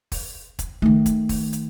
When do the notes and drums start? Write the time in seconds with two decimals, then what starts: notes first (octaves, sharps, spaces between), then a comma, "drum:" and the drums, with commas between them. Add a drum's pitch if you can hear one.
0.12 drum: kick, open hi-hat
0.59 drum: kick, hi-hat
0.82 D#3 A3
1.06 drum: kick, hi-hat
1.29 drum: kick, open hi-hat
1.53 drum: hi-hat